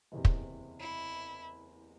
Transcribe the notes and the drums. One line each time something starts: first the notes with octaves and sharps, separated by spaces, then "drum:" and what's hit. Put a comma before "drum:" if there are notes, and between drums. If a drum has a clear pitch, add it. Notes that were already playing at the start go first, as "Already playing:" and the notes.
F#1 E2 C3
drum: kick
E4